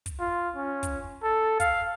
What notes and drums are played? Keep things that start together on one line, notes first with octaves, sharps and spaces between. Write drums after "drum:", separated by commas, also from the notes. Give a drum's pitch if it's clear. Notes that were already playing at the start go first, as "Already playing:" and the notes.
drum: kick, hi-hat
F4
C#4
drum: kick, hi-hat
A4
F5, drum: kick, hi-hat